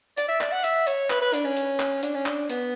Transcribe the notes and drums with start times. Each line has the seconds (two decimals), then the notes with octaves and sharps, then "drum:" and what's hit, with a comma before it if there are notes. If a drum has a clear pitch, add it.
0.17 D5, drum: hi-hat
0.29 E5
0.41 D5, drum: clap
0.52 F#5
0.64 E5, drum: hi-hat
0.87 C#5, drum: hi-hat
1.10 B4, drum: clap
1.21 B4
1.34 D4, drum: hi-hat
1.45 C#4
1.57 drum: hi-hat
1.80 drum: clap
2.03 D4, drum: hi-hat
2.15 C#4
2.26 D4, drum: clap
2.49 B3, drum: hi-hat